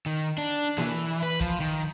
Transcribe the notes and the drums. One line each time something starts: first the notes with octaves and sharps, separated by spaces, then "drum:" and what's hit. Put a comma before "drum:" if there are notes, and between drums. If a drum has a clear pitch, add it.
D#3
D4
E3, drum: snare A#3
B4
F3, drum: kick
D#3